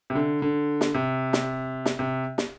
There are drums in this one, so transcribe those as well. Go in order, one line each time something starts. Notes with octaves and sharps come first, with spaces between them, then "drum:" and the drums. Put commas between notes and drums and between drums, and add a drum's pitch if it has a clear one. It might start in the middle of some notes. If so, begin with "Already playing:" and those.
C3
D3
D3
drum: snare
C3
drum: snare
drum: snare
C3
drum: snare